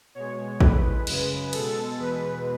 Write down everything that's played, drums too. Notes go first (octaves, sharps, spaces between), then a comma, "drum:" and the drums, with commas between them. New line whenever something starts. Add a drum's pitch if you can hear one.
B2 G#3 C#5
A2 G#3 B4, drum: kick A1
F#2 C#3 G#3, drum: cymbal
B2 G#3 A4, drum: cymbal
E2 B2 G#3 B4